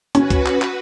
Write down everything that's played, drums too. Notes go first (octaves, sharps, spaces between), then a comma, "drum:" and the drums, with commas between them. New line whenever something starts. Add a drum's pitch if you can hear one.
C#4 F#4 B4, drum: hi-hat
drum: kick, hi-hat
drum: clap
drum: clap